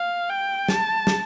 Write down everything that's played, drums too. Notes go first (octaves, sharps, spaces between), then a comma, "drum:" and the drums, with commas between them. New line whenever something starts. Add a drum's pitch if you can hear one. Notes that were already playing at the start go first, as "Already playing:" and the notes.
Already playing: F5
G5
A5, drum: snare
drum: snare